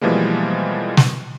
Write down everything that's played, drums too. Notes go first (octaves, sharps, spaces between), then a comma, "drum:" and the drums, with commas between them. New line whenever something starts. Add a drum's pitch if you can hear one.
B2 E3 F3 G3 G#3 A#3
drum: snare